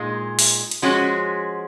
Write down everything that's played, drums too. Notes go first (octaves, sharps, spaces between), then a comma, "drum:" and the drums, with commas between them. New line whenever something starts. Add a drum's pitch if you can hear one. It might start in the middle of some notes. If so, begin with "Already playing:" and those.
Already playing: A#2 G#3 D#4
drum: open hi-hat
drum: hi-hat
F3 G#3 C#4 F#4